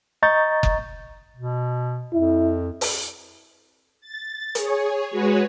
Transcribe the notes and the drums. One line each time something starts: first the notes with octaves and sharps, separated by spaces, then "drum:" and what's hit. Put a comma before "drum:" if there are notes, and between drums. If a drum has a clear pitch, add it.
D#5 A#5 C#6 G6 A6
drum: kick F#1
B2
F2 E4
drum: open hi-hat
A6
G#4 C#5, drum: hi-hat
G#3 F#4 G#4 B4 C#5